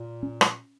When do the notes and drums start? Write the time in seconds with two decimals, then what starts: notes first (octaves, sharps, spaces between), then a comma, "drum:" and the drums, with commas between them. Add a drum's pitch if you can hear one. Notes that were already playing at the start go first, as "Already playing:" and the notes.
Already playing: A#2
0.23 C#4
0.41 drum: rim click